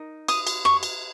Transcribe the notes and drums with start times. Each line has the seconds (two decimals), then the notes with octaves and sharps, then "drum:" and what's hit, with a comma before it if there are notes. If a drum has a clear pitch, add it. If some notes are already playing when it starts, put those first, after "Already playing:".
Already playing: D#4 A#4
0.28 D#6, drum: cymbal
0.47 drum: cymbal
0.65 C#6, drum: rim click
0.83 drum: cymbal